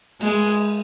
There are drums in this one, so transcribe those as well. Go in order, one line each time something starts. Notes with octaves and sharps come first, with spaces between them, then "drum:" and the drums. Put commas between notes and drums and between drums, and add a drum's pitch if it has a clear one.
G#3, drum: cymbal